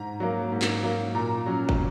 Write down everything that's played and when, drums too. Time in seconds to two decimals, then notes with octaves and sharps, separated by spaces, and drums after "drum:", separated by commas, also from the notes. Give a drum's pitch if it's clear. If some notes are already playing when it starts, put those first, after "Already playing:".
Already playing: G#2 A#5
0.20 F#3 A#3
0.52 G#2
0.62 drum: clap
0.83 F#3 A#3
1.14 A#2 A#5
1.46 F#3 C#4
1.69 drum: kick